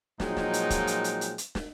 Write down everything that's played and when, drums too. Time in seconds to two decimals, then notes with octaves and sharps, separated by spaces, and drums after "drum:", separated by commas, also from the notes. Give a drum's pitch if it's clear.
0.20 A#2 F3 F#3 G#3 D#4 G5, drum: snare
0.37 drum: snare
0.53 drum: hi-hat
0.70 drum: kick, hi-hat
0.87 drum: hi-hat
1.04 drum: hi-hat
1.21 drum: hi-hat
1.38 drum: hi-hat
1.55 drum: snare